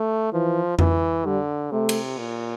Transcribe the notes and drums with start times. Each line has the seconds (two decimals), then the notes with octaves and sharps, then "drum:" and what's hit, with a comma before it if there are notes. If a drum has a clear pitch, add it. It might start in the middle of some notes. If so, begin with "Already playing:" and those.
Already playing: A3
0.33 E3 F3
0.79 E3, drum: tom F2
1.25 D3 G3
1.71 C3 A3
1.89 drum: cymbal
2.18 A#2